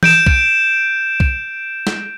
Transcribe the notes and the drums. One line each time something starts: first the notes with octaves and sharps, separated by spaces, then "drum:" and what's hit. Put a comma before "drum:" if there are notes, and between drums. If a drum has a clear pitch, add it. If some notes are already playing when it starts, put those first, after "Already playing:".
G6 D7 E7, drum: tom E3
drum: kick
drum: kick
drum: snare